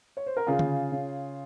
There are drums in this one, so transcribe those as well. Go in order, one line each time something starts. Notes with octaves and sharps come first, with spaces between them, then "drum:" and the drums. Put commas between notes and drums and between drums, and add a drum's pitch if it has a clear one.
C#5
C5
A#4
C#3 F4 G#4
drum: tom D3
C#3